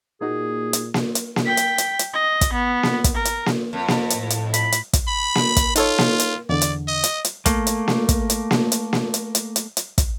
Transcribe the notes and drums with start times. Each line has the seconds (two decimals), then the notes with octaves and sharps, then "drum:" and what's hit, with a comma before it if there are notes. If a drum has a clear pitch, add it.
0.21 A#2 A#3 D#4 F#4 G#4
0.73 drum: hi-hat
0.94 drum: snare A#3
1.15 drum: hi-hat
1.36 drum: snare A#3
1.46 G5 B6
1.57 drum: hi-hat
1.78 drum: hi-hat
1.99 drum: hi-hat
2.14 D#5
2.41 drum: kick, hi-hat
2.53 B3
2.83 drum: snare A#3
3.04 drum: kick, hi-hat
3.14 A#4
3.25 drum: hi-hat
3.46 drum: snare A#3
3.73 F2
3.88 drum: snare A#3
4.10 A2, drum: hi-hat
4.30 drum: hi-hat
4.54 B5, drum: hi-hat
4.72 drum: hi-hat
4.93 drum: kick, hi-hat
5.07 B5
5.35 drum: snare A#3
5.56 drum: kick, hi-hat
5.76 D#4 F4 A4 C#5, drum: hi-hat
5.98 drum: snare A#3
6.19 drum: hi-hat
6.49 E2 D3 D5
6.61 drum: hi-hat
6.87 D#5
7.04 drum: hi-hat
7.25 drum: hi-hat
7.46 A3 A#3, drum: kick, hi-hat
7.67 drum: hi-hat
7.88 drum: snare A#3
8.09 drum: kick, hi-hat
8.30 drum: hi-hat
8.51 drum: snare A#3
8.72 drum: hi-hat
8.93 drum: snare A#3
9.14 drum: hi-hat
9.35 drum: hi-hat
9.56 drum: hi-hat
9.77 drum: hi-hat
9.98 drum: kick, hi-hat